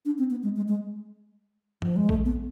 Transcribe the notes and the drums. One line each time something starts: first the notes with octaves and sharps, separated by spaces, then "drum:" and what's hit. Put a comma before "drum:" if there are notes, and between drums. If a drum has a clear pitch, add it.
D4
C4
B3
G#3
G#3
G#3
F3, drum: tom F2
G#3
A3, drum: kick A#1
B3